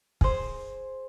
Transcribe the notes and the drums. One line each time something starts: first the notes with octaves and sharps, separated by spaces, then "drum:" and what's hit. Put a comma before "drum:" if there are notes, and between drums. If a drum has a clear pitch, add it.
G#4 C5, drum: kick